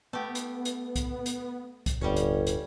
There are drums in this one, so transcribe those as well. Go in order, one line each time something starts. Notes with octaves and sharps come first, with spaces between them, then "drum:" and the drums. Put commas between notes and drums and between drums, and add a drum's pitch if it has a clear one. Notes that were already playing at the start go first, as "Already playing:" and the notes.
A3 B3 G4
drum: hi-hat
drum: hi-hat
drum: kick C2, hi-hat
drum: hi-hat
drum: kick C2, hi-hat
D1 G1 G2 G3 C#4 C#5
drum: hi-hat
drum: hi-hat